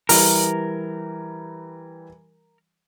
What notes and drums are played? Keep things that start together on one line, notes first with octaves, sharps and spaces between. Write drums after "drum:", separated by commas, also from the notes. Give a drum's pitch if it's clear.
E3 G3 A#4, drum: open hi-hat